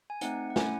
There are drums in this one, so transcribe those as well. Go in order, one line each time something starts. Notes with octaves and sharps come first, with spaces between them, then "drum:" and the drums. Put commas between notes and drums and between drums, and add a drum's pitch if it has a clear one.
G#5
A3 C4 D#4 F#5, drum: hi-hat
F#5
A3 C#4 E4 G#5, drum: snare